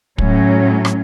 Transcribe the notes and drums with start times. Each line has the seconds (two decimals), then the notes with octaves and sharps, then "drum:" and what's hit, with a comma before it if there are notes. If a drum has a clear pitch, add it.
0.18 A2 F#3 C#4, drum: kick
0.85 drum: rim click